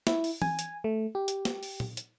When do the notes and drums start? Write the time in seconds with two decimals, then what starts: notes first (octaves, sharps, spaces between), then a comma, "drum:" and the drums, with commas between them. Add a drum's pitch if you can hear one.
0.07 E4, drum: snare
0.24 drum: open hi-hat
0.42 G#5, drum: tom E3
0.59 drum: hi-hat
0.84 A3
1.15 G4
1.28 drum: hi-hat
1.45 drum: snare
1.63 drum: open hi-hat
1.80 drum: tom A#2
1.97 drum: hi-hat